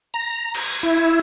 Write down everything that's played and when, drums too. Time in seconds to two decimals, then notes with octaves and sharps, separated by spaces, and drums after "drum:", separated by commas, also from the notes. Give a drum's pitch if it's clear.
0.14 A#5
0.55 drum: cymbal
0.83 E4